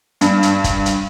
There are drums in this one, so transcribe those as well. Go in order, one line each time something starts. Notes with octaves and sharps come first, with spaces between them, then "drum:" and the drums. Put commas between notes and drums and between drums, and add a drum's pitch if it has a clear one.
G2, drum: hi-hat
drum: hi-hat
drum: kick, hi-hat
drum: hi-hat